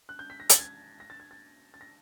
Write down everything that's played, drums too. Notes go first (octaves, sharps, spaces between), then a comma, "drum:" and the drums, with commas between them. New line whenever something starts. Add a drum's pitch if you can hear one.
F#6
G6
B6
A#6
A6, drum: hi-hat
G#6
A#6
A6
G#6
A6
A6
A#6